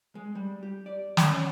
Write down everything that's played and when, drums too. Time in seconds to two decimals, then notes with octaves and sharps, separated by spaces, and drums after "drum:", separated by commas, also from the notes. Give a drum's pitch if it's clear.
0.15 G#3
0.35 G3
0.63 G4
0.86 D5
1.17 drum: snare
1.27 C#4